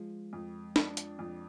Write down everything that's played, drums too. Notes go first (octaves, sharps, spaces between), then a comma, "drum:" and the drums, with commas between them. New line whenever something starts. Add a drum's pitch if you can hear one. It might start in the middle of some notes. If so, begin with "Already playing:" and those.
Already playing: F3 G#3
F2
D4, drum: snare
drum: hi-hat
F2